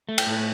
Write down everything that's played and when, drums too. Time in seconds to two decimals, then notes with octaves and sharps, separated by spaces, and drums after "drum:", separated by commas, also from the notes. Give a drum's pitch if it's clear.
0.09 A3
0.18 G5, drum: cymbal
0.27 A2